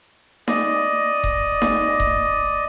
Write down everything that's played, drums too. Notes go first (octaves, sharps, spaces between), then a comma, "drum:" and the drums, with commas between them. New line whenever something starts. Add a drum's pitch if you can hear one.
D5 D#5, drum: snare D#4
drum: kick D#1
drum: snare D#4
drum: kick D#1